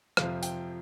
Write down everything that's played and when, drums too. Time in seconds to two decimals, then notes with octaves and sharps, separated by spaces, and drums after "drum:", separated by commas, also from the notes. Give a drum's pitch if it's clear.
0.17 F2 C3 F3 F5, drum: rim click
0.43 G5, drum: hi-hat